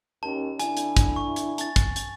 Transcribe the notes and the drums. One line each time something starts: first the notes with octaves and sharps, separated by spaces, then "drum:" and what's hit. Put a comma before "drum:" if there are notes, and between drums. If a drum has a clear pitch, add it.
D#2 C#4 A5
D3 D4 E4 G#5, drum: hi-hat
drum: hi-hat
drum: kick, hi-hat
C#6
drum: hi-hat
A5 A6, drum: hi-hat
drum: kick, hi-hat
drum: hi-hat